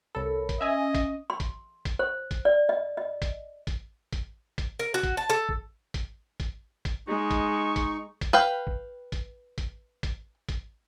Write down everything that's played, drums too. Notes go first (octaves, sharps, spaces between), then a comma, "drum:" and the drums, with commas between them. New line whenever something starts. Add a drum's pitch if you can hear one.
C2 A4 A#4 C#5 B5
drum: kick G#1, hi-hat
C#4 D#5 E5 G#5
drum: kick G#1, hi-hat
C6
drum: kick G#1, hi-hat
drum: kick G#1, hi-hat
C5
drum: kick G#1, hi-hat
D5
D#5
D#5
drum: kick G#1, hi-hat
drum: kick G#1, hi-hat
drum: kick G#1, hi-hat
drum: kick G#1, hi-hat
A#4
F#4
drum: kick G#1, hi-hat
A5
A4
drum: kick G#1
drum: kick G#1, hi-hat
drum: kick G#1, hi-hat
drum: kick G#1, hi-hat
G#3 D#4 C#6
drum: kick G#1, hi-hat
drum: kick G#1, hi-hat
drum: kick G#1, hi-hat
B4 F5 G5
drum: kick G#1
drum: kick G#1, hi-hat
drum: kick G#1, hi-hat
drum: kick G#1, hi-hat
drum: kick G#1, hi-hat